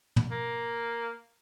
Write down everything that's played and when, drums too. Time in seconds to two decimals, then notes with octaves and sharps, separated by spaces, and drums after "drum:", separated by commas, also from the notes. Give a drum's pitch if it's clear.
0.16 drum: tom
0.31 A#3